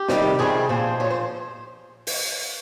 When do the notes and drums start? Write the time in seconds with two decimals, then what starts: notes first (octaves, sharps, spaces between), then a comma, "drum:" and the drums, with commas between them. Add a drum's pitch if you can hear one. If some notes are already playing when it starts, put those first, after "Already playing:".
Already playing: G4
0.08 F2 C3 D#3 G3, drum: snare
0.39 F2 C3 D#3 G3 G#4
0.69 A#2 F3 C5
1.00 A#2 F3 C#5
1.10 C5
2.07 drum: open hi-hat